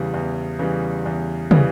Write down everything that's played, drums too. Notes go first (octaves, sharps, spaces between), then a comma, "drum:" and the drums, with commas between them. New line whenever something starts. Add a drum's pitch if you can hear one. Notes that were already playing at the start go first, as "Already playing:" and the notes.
Already playing: E2 C#3 E3 G3
E2
C#3 E3 G3
E2
C#3 E3 G3, drum: tom